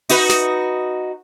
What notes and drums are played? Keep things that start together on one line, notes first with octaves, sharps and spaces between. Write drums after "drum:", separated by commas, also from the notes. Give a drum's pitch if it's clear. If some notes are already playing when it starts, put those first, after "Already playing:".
D#4 F#4 B4, drum: open hi-hat
drum: snare